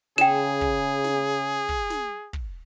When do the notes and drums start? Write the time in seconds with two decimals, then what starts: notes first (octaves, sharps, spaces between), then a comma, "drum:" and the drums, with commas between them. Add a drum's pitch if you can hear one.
0.18 C#3 G#4 G5 E7, drum: snare
0.61 drum: kick
1.04 drum: snare
1.69 drum: kick
1.90 drum: snare
2.33 drum: kick